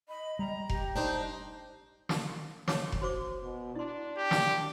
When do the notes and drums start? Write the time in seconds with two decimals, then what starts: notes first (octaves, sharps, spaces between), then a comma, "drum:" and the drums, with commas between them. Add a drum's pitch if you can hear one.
0.09 D#5 B5
0.39 G3 A#5
0.69 G4, drum: kick F1
0.96 D4 D#4 C5 G6
2.09 drum: snare
2.68 C#5 D6, drum: snare
2.92 drum: kick F1
3.01 F#4 C5 D6
3.43 B2
3.76 D4 E4 C6
4.18 G4
4.31 drum: snare